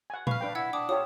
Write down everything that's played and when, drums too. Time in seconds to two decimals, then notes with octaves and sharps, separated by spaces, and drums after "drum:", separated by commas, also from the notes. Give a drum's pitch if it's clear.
0.10 F#5 G#5
0.27 B4 F5 C#6 F6, drum: tom A#2
0.41 D4 B4 G5
0.55 E4 F#5 E6 G#6
0.73 D4 G5 D6 D#6
0.89 F4 G4 A4 C#5 D#6